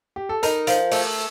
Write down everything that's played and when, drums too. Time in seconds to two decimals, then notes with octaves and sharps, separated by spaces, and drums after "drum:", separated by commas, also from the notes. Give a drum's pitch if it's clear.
0.16 G4
0.29 A4
0.43 D#4 A#4, drum: hi-hat
0.67 F3, drum: hi-hat
0.92 A3, drum: open hi-hat